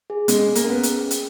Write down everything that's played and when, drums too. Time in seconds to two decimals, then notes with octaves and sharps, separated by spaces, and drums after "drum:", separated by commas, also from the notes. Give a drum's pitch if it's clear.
0.10 G#4
0.28 G#3 C#4, drum: hi-hat
0.47 C#4
0.55 A#3, drum: hi-hat
0.65 B3 C#4
0.83 G#4, drum: hi-hat
1.01 G5
1.11 drum: hi-hat